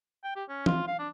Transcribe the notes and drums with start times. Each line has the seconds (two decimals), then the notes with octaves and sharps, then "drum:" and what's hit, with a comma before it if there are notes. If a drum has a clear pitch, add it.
0.24 G5
0.36 G4
0.49 C#4
0.66 F4, drum: tom E3
0.87 F5
0.99 D4